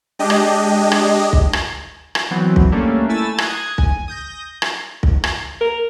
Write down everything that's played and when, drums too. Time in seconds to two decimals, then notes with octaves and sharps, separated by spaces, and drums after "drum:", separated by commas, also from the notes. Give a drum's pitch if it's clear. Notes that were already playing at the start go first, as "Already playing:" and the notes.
0.19 G#3 D4 G4 D#5
0.30 drum: rim click
0.92 drum: rim click
1.33 drum: kick
1.53 drum: rim click
2.15 drum: rim click
2.31 E3 F#3 B3 C4
2.56 drum: kick
2.72 G3 A3 A#3 C#4 D4
3.09 A3 E4 G#5 E6 A6
3.38 D#6 F#6 G#6, drum: rim click
3.78 G#5, drum: kick
4.08 D#6 G6 A#6
4.62 drum: rim click
5.03 drum: kick
5.24 drum: rim click
5.61 A#4